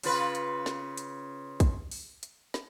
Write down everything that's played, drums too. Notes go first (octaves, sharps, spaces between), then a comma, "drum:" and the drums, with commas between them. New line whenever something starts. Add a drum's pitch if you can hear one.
C#3 F4 B4, drum: open hi-hat
drum: hi-hat
drum: snare
drum: hi-hat
drum: kick A#1, hi-hat
drum: open hi-hat
drum: hi-hat
drum: snare